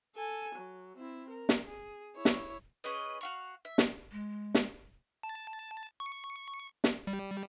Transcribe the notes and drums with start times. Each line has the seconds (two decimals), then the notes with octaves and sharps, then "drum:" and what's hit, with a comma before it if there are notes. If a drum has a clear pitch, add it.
0.15 A4 G#5
0.55 F#3
0.97 C4 E4
1.30 A#4
1.49 drum: snare
1.67 G#4
2.16 E4 C#5
2.25 drum: snare
2.84 C#4 G#4 B4 D#5
3.21 F#4 F5 C#6
3.65 E5
3.78 drum: snare
4.12 G#3
4.55 drum: snare
5.23 A5
6.00 C#6
6.84 drum: snare
7.07 G3